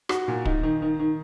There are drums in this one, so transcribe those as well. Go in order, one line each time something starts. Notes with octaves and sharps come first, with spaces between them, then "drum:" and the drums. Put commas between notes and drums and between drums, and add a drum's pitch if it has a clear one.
F#4, drum: rim click
A#2
D#4, drum: kick
D#3
D#3
D#3